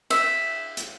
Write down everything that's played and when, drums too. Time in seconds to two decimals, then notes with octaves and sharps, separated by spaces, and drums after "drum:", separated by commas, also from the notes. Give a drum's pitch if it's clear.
0.10 E5, drum: cymbal
0.77 drum: hi-hat